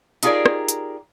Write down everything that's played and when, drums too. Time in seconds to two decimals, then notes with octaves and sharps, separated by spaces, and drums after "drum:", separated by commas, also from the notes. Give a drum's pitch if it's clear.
0.23 D#4 F4 G4 G#4 A#4 D5, drum: hi-hat
0.46 drum: rim click
0.68 drum: hi-hat